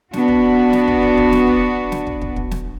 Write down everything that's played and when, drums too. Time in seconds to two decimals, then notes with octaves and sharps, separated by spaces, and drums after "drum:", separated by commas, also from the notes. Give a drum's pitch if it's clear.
0.13 B3 D4 F#4, drum: snare
0.28 drum: kick
0.73 drum: snare
0.88 drum: kick
1.03 drum: kick
1.17 drum: kick
1.32 drum: snare
1.47 drum: kick
1.92 drum: snare
2.07 drum: kick
2.22 drum: kick
2.36 drum: kick
2.51 drum: snare